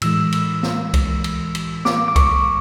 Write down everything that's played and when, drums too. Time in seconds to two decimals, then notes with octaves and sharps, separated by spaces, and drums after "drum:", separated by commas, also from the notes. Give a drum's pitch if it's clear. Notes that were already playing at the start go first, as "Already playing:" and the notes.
0.02 A2 E3 G#3 E6, drum: cymbal
0.32 drum: cymbal
0.63 drum: snare
0.94 drum: kick C2, cymbal
1.24 drum: cymbal
1.55 drum: cymbal
1.85 D6, drum: snare
2.08 D6
2.16 C#6, drum: kick C2, cymbal